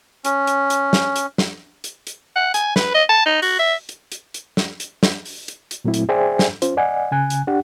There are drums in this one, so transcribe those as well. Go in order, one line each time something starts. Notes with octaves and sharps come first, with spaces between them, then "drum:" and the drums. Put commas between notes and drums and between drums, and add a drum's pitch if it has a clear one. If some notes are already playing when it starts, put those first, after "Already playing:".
C#4, drum: hi-hat
drum: hi-hat
drum: hi-hat
drum: snare
drum: hi-hat
drum: snare
drum: hi-hat
drum: hi-hat
F#5
G#5, drum: hi-hat
B4, drum: snare
D#5
A5
D#4
F#4, drum: open hi-hat
E5
drum: hi-hat
drum: hi-hat
drum: hi-hat
drum: snare
drum: hi-hat
drum: snare
drum: open hi-hat
drum: hi-hat
drum: hi-hat
A#2 F#3 A3 C4 E4
drum: hi-hat
G#4 C5 D5 E5 G5 G#5
drum: snare
C#4 F4 C5, drum: hi-hat
D5 D#5 F#5 G#5
C#3 G#5 F#6
drum: hi-hat
D4 G4 F#5